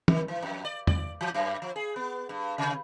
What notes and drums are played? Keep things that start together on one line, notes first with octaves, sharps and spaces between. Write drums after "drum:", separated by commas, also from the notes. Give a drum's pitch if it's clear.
D#3, drum: tom
E3
F2
D5
D5, drum: tom E2
E3
F#2
F3
G#4
B3
G2
C3